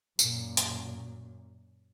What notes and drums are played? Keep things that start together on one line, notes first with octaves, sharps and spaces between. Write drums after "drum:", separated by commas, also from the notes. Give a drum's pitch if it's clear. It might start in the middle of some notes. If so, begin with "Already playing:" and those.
F#2 A#2, drum: tambourine
drum: hi-hat